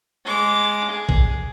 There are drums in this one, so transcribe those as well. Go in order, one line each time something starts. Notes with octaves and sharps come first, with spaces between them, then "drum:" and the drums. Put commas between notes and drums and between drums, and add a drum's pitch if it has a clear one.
G#3 D6
G#4
drum: kick